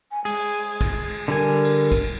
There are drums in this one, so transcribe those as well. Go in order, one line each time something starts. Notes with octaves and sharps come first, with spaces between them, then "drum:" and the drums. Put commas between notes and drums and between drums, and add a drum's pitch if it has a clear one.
G#5
G#3 G#4, drum: cymbal
drum: kick, cymbal
drum: cymbal
D3 G3 A#4 G#5
drum: cymbal
drum: kick, cymbal